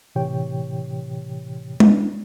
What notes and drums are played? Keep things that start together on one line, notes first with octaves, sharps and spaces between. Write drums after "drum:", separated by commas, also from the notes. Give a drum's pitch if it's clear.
A2 C3 E3 G4 C#5 G5
B3 C#4 D4 E4, drum: tom G#3